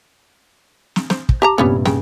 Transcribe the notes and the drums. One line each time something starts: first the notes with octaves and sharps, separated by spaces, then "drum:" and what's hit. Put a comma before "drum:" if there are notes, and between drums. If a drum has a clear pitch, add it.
drum: snare
C5, drum: snare
drum: kick
G4 A5 A#5
A#1 G2 C3 G3 B3 C#4
C#3 G5, drum: snare